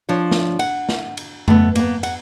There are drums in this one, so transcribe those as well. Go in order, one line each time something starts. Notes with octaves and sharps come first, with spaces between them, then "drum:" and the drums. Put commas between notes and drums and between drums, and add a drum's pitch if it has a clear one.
F3 D4 C#5
drum: snare
F#5, drum: cymbal
drum: snare
drum: cymbal
A3 B3, drum: tom F2
A#3 B3, drum: cymbal
F#5, drum: cymbal